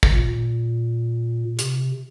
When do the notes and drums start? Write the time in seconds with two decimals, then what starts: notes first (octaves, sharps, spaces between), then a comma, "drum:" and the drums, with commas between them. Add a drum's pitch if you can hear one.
0.03 drum: kick
0.14 A#2
1.59 C3, drum: hi-hat